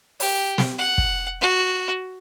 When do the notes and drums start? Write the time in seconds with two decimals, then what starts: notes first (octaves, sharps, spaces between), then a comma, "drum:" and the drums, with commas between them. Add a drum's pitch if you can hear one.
0.20 G4, drum: open hi-hat
0.58 drum: snare
0.78 F#5
0.98 drum: kick
1.41 F#4